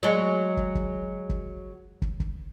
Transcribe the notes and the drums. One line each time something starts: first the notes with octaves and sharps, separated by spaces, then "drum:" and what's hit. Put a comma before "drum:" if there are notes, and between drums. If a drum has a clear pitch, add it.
F#3 G#3
drum: kick
drum: kick
drum: kick
drum: kick
drum: kick